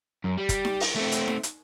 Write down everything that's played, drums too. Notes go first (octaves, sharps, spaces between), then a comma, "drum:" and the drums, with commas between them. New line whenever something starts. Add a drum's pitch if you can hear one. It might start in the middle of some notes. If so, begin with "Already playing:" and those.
F#2
G3
drum: kick, hi-hat
drum: snare D#4
drum: open hi-hat
A3 C4
drum: hi-hat
drum: snare D#4
drum: hi-hat